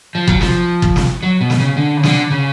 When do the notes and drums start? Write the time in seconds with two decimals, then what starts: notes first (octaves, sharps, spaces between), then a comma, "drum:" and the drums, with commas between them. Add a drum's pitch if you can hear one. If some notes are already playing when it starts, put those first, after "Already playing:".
0.15 F3
0.28 F#3, drum: kick
0.41 F3, drum: snare
0.82 drum: kick
0.96 drum: snare
1.23 F#3
1.41 B2
1.50 drum: snare
1.59 C#3
1.77 D3
1.97 C#3
2.03 D3, drum: snare
2.31 C#3